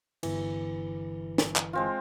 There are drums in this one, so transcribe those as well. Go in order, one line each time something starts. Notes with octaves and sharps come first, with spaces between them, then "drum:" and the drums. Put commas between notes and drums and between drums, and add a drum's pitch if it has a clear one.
G1 E3, drum: cymbal
drum: snare
drum: clap
G#3 C4 F4